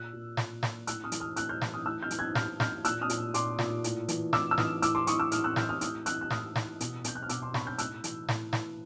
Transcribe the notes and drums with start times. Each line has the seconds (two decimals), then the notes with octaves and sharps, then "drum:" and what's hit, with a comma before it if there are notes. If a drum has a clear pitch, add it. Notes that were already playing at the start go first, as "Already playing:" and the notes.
Already playing: A#2 E6 F#6
0.13 A#2
0.37 A#2, drum: snare
0.63 A#2, drum: snare
0.87 A2 E6 F#6, drum: hi-hat
1.04 D#6 F6
1.12 E3, drum: hi-hat
1.20 D#6 F6
1.36 A2 E6 F#6, drum: hi-hat
1.49 F6 G6
1.62 E3, drum: snare
1.74 D#6 F6
1.86 A2 E6 F#6
2.03 F6 G6
2.11 E3, drum: hi-hat
2.19 F#6 G#6
2.35 A2 F6 G6, drum: snare
2.60 E3 F6 G6, drum: snare
2.85 A#2 E6 F#6, drum: hi-hat
3.01 D#6 F6
3.10 A#2, drum: hi-hat
3.34 A#2 C6 D6, drum: hi-hat
3.59 A#2, drum: snare
3.84 A2, drum: hi-hat
4.08 E3, drum: hi-hat
4.33 A2 D6 E6, drum: snare
4.51 E6
4.58 E3 D#6 F6, drum: snare
4.82 A2 D6 E6, drum: hi-hat
4.95 C6 D6
5.07 E3 C#6 D#6, drum: hi-hat
5.20 D6 E6
5.32 A2 D#6 F6, drum: hi-hat
5.44 E6 F#6
5.56 E3 F6 G6, drum: snare
5.69 D#6 F6
5.81 A2 D#6 F6, drum: hi-hat
6.06 E3 E6 F#6, drum: hi-hat
6.21 F#6
6.31 A2 D#6 F6, drum: snare
6.56 E3, drum: snare
6.80 B2, drum: hi-hat
7.04 B2 G6, drum: hi-hat
7.15 F#6
7.23 F6
7.29 B2 D6 E6, drum: hi-hat
7.42 C6 D6
7.54 B2 B5 C#6, drum: snare
7.67 F6 G6
7.78 A2 E6 F#6, drum: hi-hat
8.04 E3, drum: hi-hat
8.29 A2, drum: snare
8.53 E3, drum: snare